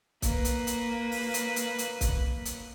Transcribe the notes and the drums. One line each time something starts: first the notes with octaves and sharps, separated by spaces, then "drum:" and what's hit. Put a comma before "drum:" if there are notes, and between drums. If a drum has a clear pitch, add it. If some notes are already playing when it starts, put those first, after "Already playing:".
A#3 B4, drum: kick, hi-hat
drum: hi-hat
drum: hi-hat
drum: open hi-hat
drum: hi-hat
drum: hi-hat
drum: hi-hat
drum: kick, hi-hat
drum: hi-hat